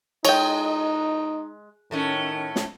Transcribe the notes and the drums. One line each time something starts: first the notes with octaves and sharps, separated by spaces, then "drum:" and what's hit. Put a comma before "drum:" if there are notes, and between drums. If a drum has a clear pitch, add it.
G#3 D#4 C#5 G5, drum: cymbal
A2 D#3 A3 C#4
drum: snare